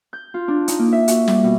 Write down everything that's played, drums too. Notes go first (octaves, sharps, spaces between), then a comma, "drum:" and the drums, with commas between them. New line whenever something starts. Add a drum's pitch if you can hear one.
G6
F4
D4
D#4, drum: hi-hat
A#3
E5
F#4, drum: hi-hat
G3, drum: snare
B2